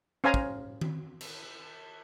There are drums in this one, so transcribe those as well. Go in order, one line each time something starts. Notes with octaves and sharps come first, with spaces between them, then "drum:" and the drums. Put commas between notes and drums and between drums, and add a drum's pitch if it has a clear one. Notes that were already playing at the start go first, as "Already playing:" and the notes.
C#4 C5 F5 G#5 A#5
drum: kick
drum: tom D#3
drum: cymbal